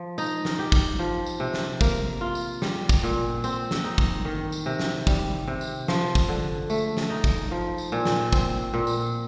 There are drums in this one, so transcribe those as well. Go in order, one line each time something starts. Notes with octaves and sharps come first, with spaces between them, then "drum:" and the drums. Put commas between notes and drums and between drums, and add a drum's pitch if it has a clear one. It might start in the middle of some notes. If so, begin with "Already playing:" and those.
Already playing: F3
D#4, drum: tambourine
drum: snare
G4
drum: kick, tambourine
F3
drum: tambourine
C3
drum: snare
A#3, drum: kick, tambourine
F4
drum: tambourine
G3, drum: snare
drum: kick, tambourine
A#2
C4, drum: tambourine
drum: snare
D#4
drum: kick
D#3
drum: tambourine
C3
drum: snare
G3, drum: kick, tambourine
C3
drum: tambourine
F3, drum: snare
drum: kick, tambourine
D3
A3, drum: tambourine
drum: snare
D#4
drum: kick, tambourine
F3
drum: tambourine
A#2
drum: snare
C4, drum: kick, tambourine
A#2
drum: tambourine